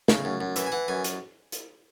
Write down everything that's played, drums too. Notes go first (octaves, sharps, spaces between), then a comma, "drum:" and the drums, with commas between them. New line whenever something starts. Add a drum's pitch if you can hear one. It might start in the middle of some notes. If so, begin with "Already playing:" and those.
C#3, drum: snare
F#2
F#2
E3 E5, drum: hi-hat
G#5
E3 F#5
F#2 G#5
drum: hi-hat
drum: hi-hat